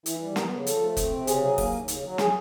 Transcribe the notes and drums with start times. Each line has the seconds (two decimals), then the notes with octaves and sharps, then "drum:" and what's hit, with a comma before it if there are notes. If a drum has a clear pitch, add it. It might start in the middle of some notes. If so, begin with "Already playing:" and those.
0.06 E3 E4, drum: hi-hat
0.21 G3
0.36 B3 A#4, drum: snare
0.51 C#3
0.67 F3 A4, drum: hi-hat
0.81 A3
0.97 C4, drum: kick, hi-hat
1.12 C3
1.27 C#3 G#4, drum: hi-hat
1.43 F#3 G#4
1.58 A#3, drum: kick, open hi-hat
1.73 D#2
1.88 C#3, drum: hi-hat
2.03 F#3
2.18 G#4, drum: snare